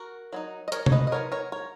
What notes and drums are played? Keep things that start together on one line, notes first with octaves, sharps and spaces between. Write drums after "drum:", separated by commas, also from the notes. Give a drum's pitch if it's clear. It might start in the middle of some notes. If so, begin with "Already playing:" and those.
Already playing: F#4 A#4
F#3 B3 D#4
D#5
A#4 C#5, drum: hi-hat
C#5, drum: tom C3
B4 D#5
D#5
F#3 B3 D#4 A#4 C#5
A#4 C#5
A#4 C#5